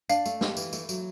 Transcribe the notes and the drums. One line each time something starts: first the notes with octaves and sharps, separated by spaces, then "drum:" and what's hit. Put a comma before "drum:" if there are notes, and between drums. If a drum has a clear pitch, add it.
D4 F5, drum: tambourine
A3, drum: tambourine
G4, drum: snare
E3, drum: tambourine
A3, drum: tambourine
F#3, drum: tambourine